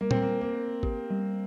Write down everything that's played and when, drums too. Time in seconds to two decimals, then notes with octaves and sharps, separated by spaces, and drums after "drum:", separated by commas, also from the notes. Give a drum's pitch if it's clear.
0.01 G3 A#3
0.11 C4, drum: tom A#2
0.22 A#3
0.28 C4
0.41 A#3
0.55 A#4
0.83 G4, drum: kick
1.10 G3